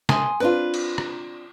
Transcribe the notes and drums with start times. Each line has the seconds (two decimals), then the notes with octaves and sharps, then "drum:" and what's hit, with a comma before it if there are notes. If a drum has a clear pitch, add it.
0.09 G#5 C6 D#6, drum: snare
0.40 C4 D4 F4 B4
0.74 drum: cymbal
0.98 drum: rim click